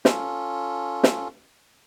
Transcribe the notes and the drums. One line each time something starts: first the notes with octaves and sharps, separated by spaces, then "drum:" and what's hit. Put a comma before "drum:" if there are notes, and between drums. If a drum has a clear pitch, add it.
C#4 F4 A4, drum: snare
drum: snare